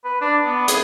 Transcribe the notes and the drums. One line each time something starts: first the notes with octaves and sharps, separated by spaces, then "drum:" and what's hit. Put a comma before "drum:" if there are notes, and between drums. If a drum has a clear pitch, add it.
B4
D4
B3
G#4, drum: hi-hat